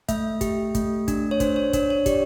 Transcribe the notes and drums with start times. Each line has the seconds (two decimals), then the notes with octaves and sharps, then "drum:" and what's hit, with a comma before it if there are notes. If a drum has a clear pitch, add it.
0.08 A3 E5, drum: kick, hi-hat
0.41 G4, drum: kick, hi-hat
0.75 A3, drum: kick, hi-hat
1.08 D4, drum: kick, hi-hat
1.31 C#5
1.40 D4 C5, drum: kick, hi-hat
1.56 C#5
1.73 D4 C#5, drum: kick, hi-hat
1.90 C#5
2.06 G4 D5, drum: kick, hi-hat